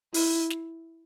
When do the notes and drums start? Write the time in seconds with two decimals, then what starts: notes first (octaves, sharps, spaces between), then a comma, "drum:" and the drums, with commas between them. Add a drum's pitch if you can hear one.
0.14 E4, drum: open hi-hat
0.50 drum: snare